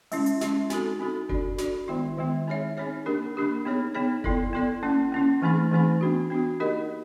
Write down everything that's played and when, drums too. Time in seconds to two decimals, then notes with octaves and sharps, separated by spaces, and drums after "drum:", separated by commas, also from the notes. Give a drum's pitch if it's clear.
0.12 G#3 C#4 E4, drum: open hi-hat
0.26 drum: hi-hat
0.41 G#3 C#4 E4, drum: snare
0.70 C4 D#4 F#4 A4, drum: snare
1.00 C4 D#4 F#4 A4
1.29 D4 F#4 A4 D5, drum: kick F#1
1.58 D4 F#4 A4 D5, drum: snare
1.88 D#3 G#3 B3 E4
2.17 D#3 G#3 B3 E4
2.48 C4 D#4 G#4 C#5 E5
2.77 C4 D#4 G#4 C#5 E5
3.06 A#3 D4 G4 A#4
3.35 A#3 D4 G4 A#4
3.65 B3 D#4 G#4 C#5
3.94 B3 D#4 G#4 C#5
4.24 B3 E4 A4 D5, drum: kick F#1
4.53 B3 E4 A4 D5
4.83 A#3 C#4 E4
5.12 A#3 C#4 E4
5.42 E3 A3 C4 D#4 G#4
5.72 E3 A3 C4 D#4 G#4
6.01 B3 D4 F#4
6.30 B3 D4 F#4
6.60 A#3 D#4 G4 A#4 D#5